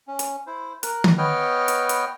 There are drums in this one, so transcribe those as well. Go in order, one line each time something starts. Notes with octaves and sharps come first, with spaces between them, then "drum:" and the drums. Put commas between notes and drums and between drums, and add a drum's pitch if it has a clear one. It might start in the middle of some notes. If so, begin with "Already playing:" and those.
C#4
drum: hi-hat
E4 C5
A#4 F#6, drum: hi-hat
drum: tom D#3
B3 B4 C#5 D#5 G5 F6
drum: hi-hat
drum: hi-hat